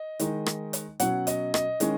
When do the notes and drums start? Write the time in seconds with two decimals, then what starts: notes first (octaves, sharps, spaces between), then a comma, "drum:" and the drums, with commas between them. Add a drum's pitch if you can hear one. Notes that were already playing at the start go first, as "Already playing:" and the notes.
Already playing: D#5
0.19 D#3 G#3 D#4, drum: hi-hat
0.46 drum: rim click
0.73 drum: hi-hat
1.00 B2 F#3 C#4 F#5, drum: hi-hat
1.27 D#5, drum: hi-hat
1.54 D#5, drum: rim click
1.80 D#3 G#3 C#4, drum: hi-hat